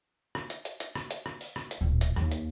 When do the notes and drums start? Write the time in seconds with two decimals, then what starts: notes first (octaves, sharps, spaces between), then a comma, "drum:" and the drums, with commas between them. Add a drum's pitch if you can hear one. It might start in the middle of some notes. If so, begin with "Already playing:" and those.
0.35 drum: rim click
0.50 drum: hi-hat
0.65 drum: hi-hat
0.80 drum: hi-hat
0.95 drum: rim click
1.11 drum: hi-hat
1.26 drum: rim click
1.41 drum: open hi-hat
1.56 drum: rim click
1.71 drum: hi-hat
1.81 D1 A#2
2.01 drum: hi-hat
2.16 D#2 A#3, drum: rim click
2.32 drum: hi-hat